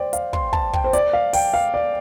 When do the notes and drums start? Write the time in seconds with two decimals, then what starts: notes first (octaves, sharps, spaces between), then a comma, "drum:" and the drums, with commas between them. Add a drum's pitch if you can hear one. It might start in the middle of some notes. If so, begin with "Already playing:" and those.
Already playing: C5 D5 G5
0.13 F5, drum: hi-hat
0.33 C6, drum: kick
0.53 A5, drum: kick
0.73 G5, drum: kick
0.84 C5
0.93 D5, drum: hi-hat
1.13 F5
1.33 G5, drum: open hi-hat
1.54 F5
1.74 D5